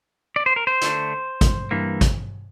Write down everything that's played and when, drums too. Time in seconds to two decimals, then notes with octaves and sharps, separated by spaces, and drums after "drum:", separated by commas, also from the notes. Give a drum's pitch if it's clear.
0.36 D5
0.46 C5
0.56 A#4
0.67 C5
0.81 D3 A3 D4, drum: hi-hat
1.41 drum: kick, hi-hat
1.71 G2 E3 A#3
2.01 drum: kick, hi-hat